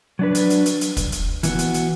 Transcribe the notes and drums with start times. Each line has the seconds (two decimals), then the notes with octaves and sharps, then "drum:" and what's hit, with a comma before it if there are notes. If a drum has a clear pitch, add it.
0.19 F#3 D4 B4
0.35 drum: hi-hat
0.50 drum: hi-hat
0.66 drum: hi-hat
0.81 drum: hi-hat
0.97 drum: kick, hi-hat
1.12 drum: hi-hat
1.43 E3 B3 F#4, drum: hi-hat
1.59 drum: hi-hat
1.74 drum: hi-hat